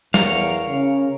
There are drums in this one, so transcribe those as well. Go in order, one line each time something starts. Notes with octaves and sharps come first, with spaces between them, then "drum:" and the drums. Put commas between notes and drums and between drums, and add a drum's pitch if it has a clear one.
E2 A#4 C#5 F5, drum: snare
C#3